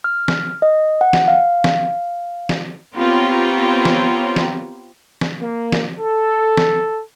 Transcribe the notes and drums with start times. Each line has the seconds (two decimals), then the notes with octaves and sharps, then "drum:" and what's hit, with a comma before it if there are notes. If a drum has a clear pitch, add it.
0.04 F6
0.28 drum: snare
0.62 D#5
1.01 F#5
1.13 drum: snare
1.28 F5
1.64 drum: snare
2.49 drum: snare
2.96 B3 C4 F4 G4 A#4 C#5
3.85 drum: snare
4.36 drum: snare
5.21 drum: snare
5.42 A#3
5.72 drum: snare
6.00 A4
6.57 drum: snare